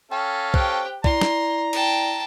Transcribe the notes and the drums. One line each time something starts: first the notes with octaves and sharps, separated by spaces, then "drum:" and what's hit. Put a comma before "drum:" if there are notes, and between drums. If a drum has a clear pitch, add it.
C#4 A4 F5 G5
G4 C5 G5 F#6, drum: kick
E4 D5 A#5 C6, drum: kick
drum: snare
G5 A5, drum: cymbal